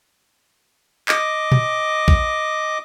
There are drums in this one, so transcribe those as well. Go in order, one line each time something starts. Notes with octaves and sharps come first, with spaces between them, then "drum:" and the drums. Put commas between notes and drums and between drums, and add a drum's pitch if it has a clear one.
D#5 D6, drum: clap
drum: tom A#2
drum: kick A#1